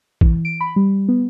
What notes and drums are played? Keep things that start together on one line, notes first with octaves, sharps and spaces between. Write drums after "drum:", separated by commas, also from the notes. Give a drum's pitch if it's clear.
E3, drum: kick
D7
B5
G3
B3